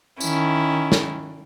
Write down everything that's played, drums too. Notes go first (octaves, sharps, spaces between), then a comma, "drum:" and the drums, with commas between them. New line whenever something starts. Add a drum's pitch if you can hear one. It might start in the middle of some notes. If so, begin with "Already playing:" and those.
D#3 C#4 E4, drum: tambourine
drum: snare